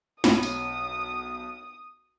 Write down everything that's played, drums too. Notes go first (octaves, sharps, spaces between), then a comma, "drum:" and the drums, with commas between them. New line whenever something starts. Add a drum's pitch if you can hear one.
B1 C#5 B5 D#6, drum: snare
drum: tambourine